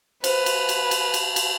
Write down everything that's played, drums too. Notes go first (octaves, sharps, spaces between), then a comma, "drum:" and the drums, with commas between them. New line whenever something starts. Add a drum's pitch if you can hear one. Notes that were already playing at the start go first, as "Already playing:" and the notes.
B4 C5, drum: cymbal
drum: cymbal
drum: cymbal
drum: cymbal
drum: cymbal
drum: cymbal